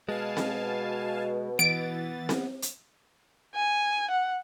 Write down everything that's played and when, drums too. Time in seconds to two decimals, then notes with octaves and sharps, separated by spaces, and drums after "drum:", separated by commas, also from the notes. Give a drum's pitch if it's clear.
0.09 B2 G#3 F5 G#5 A5
0.37 drum: snare C4
1.59 E3 B3 A6 D7
2.29 drum: snare C4
2.62 drum: hi-hat
3.55 G#5
4.11 F#5